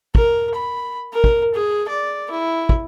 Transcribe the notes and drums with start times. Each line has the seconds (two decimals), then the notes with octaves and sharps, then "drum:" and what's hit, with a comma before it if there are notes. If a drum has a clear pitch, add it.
0.15 A#4, drum: kick
0.55 B5
1.13 A#4
1.24 drum: kick
1.54 G#4
1.89 D5
2.30 E4
2.69 drum: kick